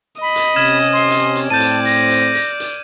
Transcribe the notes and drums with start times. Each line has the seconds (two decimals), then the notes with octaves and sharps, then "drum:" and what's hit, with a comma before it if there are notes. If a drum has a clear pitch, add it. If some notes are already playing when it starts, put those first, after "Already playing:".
0.22 D#5 B5
0.36 drum: hi-hat
0.56 C3 C#4 F6 G#6 E7
0.93 C6
1.11 drum: hi-hat
1.35 drum: hi-hat
1.50 A2 C4 D5 A5 G6 D#7
1.60 drum: hi-hat
1.85 A#6, drum: hi-hat
2.10 drum: hi-hat
2.35 drum: hi-hat
2.60 drum: hi-hat